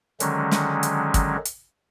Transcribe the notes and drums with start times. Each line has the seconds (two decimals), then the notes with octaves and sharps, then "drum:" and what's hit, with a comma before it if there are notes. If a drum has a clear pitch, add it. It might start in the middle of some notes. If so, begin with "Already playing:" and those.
0.20 D3 D#3 F#3 G#3 C#4, drum: hi-hat
0.51 drum: snare
0.83 drum: hi-hat
1.14 drum: kick, hi-hat
1.45 drum: hi-hat